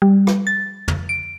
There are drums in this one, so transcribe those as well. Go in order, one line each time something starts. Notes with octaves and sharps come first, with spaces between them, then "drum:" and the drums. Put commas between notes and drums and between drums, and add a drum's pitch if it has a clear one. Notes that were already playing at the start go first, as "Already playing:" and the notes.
G3
drum: rim click
A6
drum: tom
D7